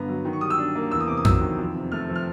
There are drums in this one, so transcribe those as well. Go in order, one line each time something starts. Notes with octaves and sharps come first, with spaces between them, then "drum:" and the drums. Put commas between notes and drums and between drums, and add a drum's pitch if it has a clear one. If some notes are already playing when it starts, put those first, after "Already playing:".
Already playing: G2 D3 B3 A#5
F#3
D#3
C#6
G3 D#6
E6
D4
A#3
E2 E6
D#6
C3 D6
D#6
F#3 E6, drum: tom F2
D#3
F2
C3
A3 F6
F3
F6